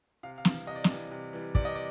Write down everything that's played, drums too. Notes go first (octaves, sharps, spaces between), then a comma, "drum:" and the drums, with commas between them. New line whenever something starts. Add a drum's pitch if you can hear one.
C3 F5
F5
E3 G3, drum: snare
C3 D#5
D5
D#5, drum: snare
E3 G3
C3
E3 G3
C3 D5, drum: kick
D#5
D5